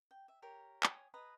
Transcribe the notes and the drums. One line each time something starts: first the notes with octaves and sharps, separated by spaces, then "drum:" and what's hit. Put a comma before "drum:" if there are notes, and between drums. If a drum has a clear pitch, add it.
G5
E5
G4 A#4 C#5
C#5 G5 G#5 D#6, drum: clap
G#4 B4 D#5 A#5